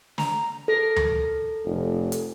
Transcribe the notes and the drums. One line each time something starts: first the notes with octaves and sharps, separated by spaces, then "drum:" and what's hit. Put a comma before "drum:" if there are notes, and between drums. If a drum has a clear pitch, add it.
A#5, drum: snare
A4 A#4
drum: tom D2
F1
drum: hi-hat